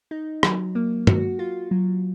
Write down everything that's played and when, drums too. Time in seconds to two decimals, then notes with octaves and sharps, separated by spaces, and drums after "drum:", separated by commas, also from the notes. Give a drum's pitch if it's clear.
0.11 D#4
0.43 F#3, drum: rim click
0.75 A#3
1.07 F#4, drum: tom
1.39 F4
1.71 F#3